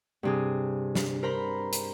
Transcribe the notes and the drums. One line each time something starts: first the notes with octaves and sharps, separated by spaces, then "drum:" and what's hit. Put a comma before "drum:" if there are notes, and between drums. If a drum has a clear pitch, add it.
G2 C3 G#4
drum: snare
A#4 C5 A#5 B5
drum: hi-hat